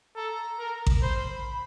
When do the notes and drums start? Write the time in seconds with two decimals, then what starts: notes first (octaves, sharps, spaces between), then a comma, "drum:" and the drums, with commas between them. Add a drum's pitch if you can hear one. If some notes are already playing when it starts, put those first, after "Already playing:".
0.16 A4 A#5
0.59 A#4
0.87 drum: kick A1
1.02 C5 B5